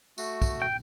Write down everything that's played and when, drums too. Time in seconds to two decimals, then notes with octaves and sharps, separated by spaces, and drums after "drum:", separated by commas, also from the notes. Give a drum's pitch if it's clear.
0.18 A3 F#4, drum: tambourine
0.42 drum: kick, tambourine
0.62 G5